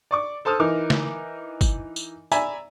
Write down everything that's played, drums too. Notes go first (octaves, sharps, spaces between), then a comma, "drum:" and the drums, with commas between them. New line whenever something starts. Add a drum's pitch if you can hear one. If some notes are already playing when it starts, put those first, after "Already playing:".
D5 C#6 D6
A4 C5 A5 D#6 F6
E3 D#4 A#4 D6
drum: snare
drum: kick, tambourine
drum: tambourine
D5 E5 G#5 A#5 B5, drum: tambourine